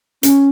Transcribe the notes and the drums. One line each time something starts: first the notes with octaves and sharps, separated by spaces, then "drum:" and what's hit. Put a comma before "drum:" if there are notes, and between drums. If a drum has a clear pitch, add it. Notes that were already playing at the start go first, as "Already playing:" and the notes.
C#4, drum: hi-hat